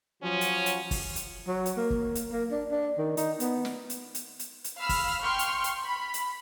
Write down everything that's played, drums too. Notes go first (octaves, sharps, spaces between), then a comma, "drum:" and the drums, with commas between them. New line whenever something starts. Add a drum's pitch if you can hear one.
F3 F#3 C#4
drum: hi-hat
drum: hi-hat
drum: kick, open hi-hat
drum: hi-hat
F#3
drum: hi-hat
A#3
drum: kick
drum: hi-hat
A#3
D4
D4
D#3
D#4, drum: hi-hat
B3, drum: hi-hat
drum: snare
drum: hi-hat
drum: hi-hat
drum: hi-hat
drum: hi-hat
F5 B5 E6 F6
drum: kick, open hi-hat
G5 C6 C#6 F6
drum: hi-hat
drum: hi-hat
B5
drum: hi-hat